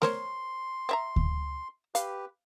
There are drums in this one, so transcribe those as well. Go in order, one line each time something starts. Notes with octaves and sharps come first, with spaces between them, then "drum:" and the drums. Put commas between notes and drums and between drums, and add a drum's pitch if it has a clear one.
A#4 C5 C#5 C6, drum: snare A3
C4 E5 A#5
drum: kick D2
G4 B4 F5, drum: hi-hat